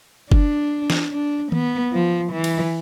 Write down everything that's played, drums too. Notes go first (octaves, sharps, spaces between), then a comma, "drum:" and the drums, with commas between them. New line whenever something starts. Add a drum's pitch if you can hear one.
D4, drum: kick F#1
drum: snare
D4
B3, drum: tom D#3
F3
E3
drum: cymbal